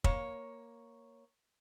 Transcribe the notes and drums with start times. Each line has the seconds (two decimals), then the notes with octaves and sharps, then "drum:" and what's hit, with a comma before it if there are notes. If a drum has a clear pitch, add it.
0.04 A#3 C#5, drum: kick